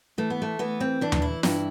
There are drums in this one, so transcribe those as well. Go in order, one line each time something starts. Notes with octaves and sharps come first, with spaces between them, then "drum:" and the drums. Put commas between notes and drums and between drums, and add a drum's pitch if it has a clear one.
E3 A3
B3
A3
E3 B3
C4
E3 D4
drum: tom D#2
E4
G2 E4, drum: snare